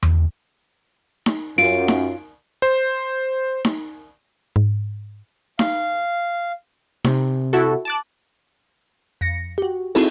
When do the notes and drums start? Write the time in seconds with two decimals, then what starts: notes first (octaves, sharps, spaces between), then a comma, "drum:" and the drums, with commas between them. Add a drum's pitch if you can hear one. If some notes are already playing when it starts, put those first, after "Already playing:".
0.03 drum: tom E2
1.26 drum: snare D#4
1.58 F#2 F4 D7
1.88 drum: snare D#4
2.62 C5
3.65 drum: snare D#4
4.56 G#2
5.59 F5, drum: snare D#4
7.04 C3, drum: snare D#4
7.53 E4 F#4 A4
7.85 A5 D6 F#6
9.21 F2 A#6 C#7
9.58 F#4 G4
9.95 C4 D#4 E4 F#4 G#4 A4, drum: open hi-hat